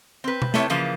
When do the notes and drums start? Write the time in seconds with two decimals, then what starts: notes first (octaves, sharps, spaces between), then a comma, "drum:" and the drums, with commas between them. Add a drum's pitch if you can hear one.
0.24 C4 B4
0.42 drum: tom B2
0.54 C3 A3 E4 C#5, drum: snare
0.70 C#3 E3 F3 A#3, drum: tambourine